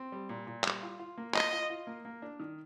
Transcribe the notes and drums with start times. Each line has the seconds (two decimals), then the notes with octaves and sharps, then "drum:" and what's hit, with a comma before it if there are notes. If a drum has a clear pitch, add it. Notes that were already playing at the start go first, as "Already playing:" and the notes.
Already playing: C4
0.12 G3
0.29 A#2
0.47 A#2
0.64 G3, drum: clap
0.83 F4
0.99 F4
1.18 A#3
1.35 F4 D#5, drum: clap
1.53 F4
1.70 F4
1.87 A#3
2.05 A#3
2.22 D4
2.40 D#3